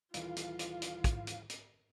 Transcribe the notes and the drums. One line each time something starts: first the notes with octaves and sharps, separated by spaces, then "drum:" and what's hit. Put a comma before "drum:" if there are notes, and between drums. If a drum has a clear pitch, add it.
D#1 E3 F4 F5, drum: hi-hat
drum: hi-hat
drum: hi-hat
drum: hi-hat
drum: kick, hi-hat
drum: hi-hat
drum: hi-hat